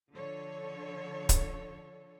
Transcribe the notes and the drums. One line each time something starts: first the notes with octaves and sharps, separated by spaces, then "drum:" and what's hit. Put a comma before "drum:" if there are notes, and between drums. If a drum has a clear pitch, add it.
D3 F3 A4 C#5
drum: kick C#1, hi-hat